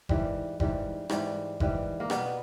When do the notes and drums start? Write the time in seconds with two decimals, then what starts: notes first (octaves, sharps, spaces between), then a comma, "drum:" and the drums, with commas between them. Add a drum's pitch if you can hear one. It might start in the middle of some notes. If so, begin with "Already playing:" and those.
0.09 G#2 E3 G3, drum: kick F#1
0.60 G#2 E3 G3, drum: kick F#1
1.09 G#2 E3 G3, drum: rim click
1.60 G#2 E3 G3, drum: kick F#1
2.00 A#3
2.10 B2 G3 B3, drum: rim click